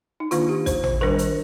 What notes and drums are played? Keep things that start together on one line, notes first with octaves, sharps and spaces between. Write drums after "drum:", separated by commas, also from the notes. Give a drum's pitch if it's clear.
D#4
D#3 A#3 D4 F4, drum: hi-hat
G4
C5, drum: kick, hi-hat
C5, drum: tom A1
D#3 G3 D4 A#4
drum: hi-hat